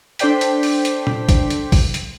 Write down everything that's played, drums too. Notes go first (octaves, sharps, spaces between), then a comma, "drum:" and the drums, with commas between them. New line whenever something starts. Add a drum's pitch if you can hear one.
D4 A4 C5 D5 G5 B6, drum: hi-hat
drum: hi-hat
drum: open hi-hat
drum: hi-hat
drum: tom A#2
drum: kick, hi-hat
drum: hi-hat
drum: kick, open hi-hat
drum: hi-hat